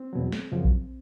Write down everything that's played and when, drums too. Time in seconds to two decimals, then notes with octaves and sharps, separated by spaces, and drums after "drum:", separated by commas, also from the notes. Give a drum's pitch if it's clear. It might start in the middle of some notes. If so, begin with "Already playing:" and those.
Already playing: C4
0.13 E2 B2 F#3
0.32 drum: snare
0.52 F#2 C#3 F3
0.64 drum: kick A#1